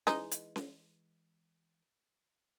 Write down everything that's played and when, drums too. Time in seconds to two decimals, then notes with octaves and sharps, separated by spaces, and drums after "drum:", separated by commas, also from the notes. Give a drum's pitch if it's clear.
0.07 E3 G#3 D#4, drum: snare C#4
0.31 drum: hi-hat
0.56 drum: snare C#4